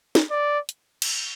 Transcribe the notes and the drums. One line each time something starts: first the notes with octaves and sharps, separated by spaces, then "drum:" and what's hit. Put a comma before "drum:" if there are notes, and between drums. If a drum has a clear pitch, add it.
drum: snare
D5
drum: hi-hat
drum: cymbal